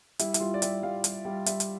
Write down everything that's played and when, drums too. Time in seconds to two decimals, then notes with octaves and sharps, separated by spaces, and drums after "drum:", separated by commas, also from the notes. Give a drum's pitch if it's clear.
0.19 G3 E4, drum: hi-hat
0.34 E4, drum: hi-hat
0.40 G3 F4
0.54 D5
0.62 G3 E5, drum: hi-hat
0.83 G3 F5
1.04 G3, drum: hi-hat
1.25 G3
1.46 G3 E5, drum: hi-hat
1.60 drum: hi-hat